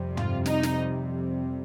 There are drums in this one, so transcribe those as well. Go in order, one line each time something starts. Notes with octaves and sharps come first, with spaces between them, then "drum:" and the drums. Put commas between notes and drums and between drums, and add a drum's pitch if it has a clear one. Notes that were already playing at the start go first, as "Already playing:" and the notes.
Already playing: F2 C3 G3
F4, drum: tom
D#4, drum: snare
drum: snare